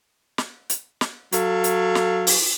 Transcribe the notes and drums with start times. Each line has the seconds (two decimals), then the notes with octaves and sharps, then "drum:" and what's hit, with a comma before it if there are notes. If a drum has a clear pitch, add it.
0.38 drum: snare
0.70 drum: hi-hat
1.01 drum: snare
1.32 F#3 A4 F5, drum: hi-hat
1.64 drum: hi-hat
1.95 drum: snare
2.27 drum: open hi-hat